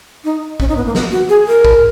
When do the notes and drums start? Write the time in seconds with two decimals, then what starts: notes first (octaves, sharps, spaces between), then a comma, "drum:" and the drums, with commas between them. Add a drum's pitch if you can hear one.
0.24 D#4
0.60 C#4, drum: kick
0.69 D#4
0.77 B3
0.86 A#3
0.95 B3, drum: snare
1.12 F#4
1.29 G#4
1.48 A#4
1.65 drum: kick